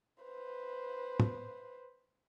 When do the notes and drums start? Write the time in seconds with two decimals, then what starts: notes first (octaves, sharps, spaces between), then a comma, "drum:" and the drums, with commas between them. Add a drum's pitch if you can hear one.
0.24 B4 C5
1.20 drum: tom